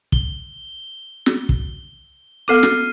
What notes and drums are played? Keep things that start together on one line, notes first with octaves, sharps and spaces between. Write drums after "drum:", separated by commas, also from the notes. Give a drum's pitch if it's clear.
G7, drum: kick
drum: snare
drum: kick
B3 A4 D6 F6 C7 D#7
drum: snare